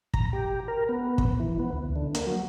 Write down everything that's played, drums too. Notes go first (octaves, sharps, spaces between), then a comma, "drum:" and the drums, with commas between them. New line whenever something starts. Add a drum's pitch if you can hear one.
A#5, drum: kick
G4
A#4
B3
drum: kick
E3
B3
D2
D3
A#3, drum: hi-hat
F#3